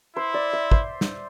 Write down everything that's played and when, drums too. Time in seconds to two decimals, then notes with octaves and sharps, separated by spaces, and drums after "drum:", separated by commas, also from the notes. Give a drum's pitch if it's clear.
0.16 E4 C5
0.34 D5
0.53 E5
0.71 C5, drum: kick
1.01 drum: snare